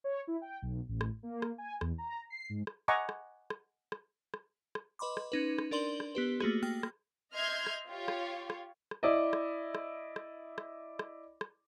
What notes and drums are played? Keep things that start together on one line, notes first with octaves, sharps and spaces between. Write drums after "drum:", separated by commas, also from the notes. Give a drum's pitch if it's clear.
C#5
E4
G5
B1
A1
drum: rim click
A#3
drum: rim click
G#5
E2, drum: rim click
A#5
C7
G#2
drum: rim click
D#5 F#5 G#5 A#5 C#6 D6
drum: rim click
drum: rim click
drum: rim click
drum: rim click
drum: rim click
B4 D#5 B5 C6 D6
drum: rim click
C#4 D#4 B4
drum: rim click
D4 A#4 D5 C6 F#7 G7
drum: rim click
B3 G4 B4
A3 A#3 F#4 G#4, drum: rim click
A#3 G5 F6
drum: rim click
D#5 E5 C6 F6 G6 G#6
drum: rim click
F4 G4 C#5
drum: rim click
drum: rim click
drum: rim click
E4 D5 D#5
drum: rim click
drum: rim click
drum: rim click
drum: rim click
drum: rim click
drum: rim click